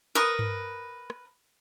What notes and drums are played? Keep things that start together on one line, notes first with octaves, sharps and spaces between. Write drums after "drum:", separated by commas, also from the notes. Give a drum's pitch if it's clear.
A#4 B4 C#6 D#6
drum: tom G2
drum: rim click